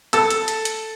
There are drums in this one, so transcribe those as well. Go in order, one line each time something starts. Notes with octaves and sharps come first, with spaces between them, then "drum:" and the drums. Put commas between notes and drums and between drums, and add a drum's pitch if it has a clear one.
A4 A5 E6, drum: hi-hat
drum: hi-hat
drum: hi-hat
drum: hi-hat